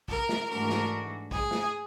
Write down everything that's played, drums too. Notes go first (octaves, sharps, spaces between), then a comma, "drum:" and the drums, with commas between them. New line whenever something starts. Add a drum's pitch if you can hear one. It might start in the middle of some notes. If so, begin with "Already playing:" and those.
A#4, drum: kick
drum: snare
G#2 E3 A3 D4 F#4 A#4
drum: snare
G#4, drum: kick
drum: snare